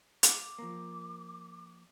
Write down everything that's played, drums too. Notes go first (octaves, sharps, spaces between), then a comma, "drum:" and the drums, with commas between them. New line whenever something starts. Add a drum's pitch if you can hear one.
D6, drum: hi-hat
F3 A#3